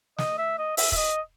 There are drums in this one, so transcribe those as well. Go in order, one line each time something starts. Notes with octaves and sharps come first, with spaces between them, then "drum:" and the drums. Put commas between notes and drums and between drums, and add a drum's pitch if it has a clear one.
D#5, drum: snare
E5
D#5
E5, drum: open hi-hat
E5, drum: kick
D#5